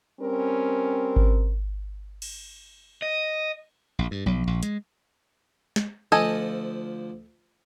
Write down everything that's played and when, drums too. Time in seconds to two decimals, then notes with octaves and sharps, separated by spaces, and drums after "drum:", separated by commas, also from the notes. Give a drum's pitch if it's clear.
0.21 G3 C4 C#4 A#4
1.16 drum: kick G#1
2.22 drum: cymbal
3.02 D#5
3.99 A#1
4.11 G2
4.26 B1, drum: tom F3
4.47 A#1
4.63 G#3, drum: hi-hat
5.76 drum: snare
6.12 D2 F3 A4 D#5 G#5